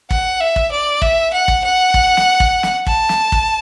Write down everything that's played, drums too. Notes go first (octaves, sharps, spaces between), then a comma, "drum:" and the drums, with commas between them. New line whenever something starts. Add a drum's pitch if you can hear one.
F#5, drum: kick
E5
drum: kick
D5
E5, drum: kick
F#5
drum: kick
F#5
drum: kick
drum: snare
drum: kick
drum: snare
A5, drum: kick
drum: snare
drum: kick